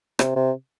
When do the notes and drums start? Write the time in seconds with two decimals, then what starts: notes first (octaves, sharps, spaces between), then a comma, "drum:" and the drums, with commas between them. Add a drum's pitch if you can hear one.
0.19 C3, drum: rim click
0.36 C3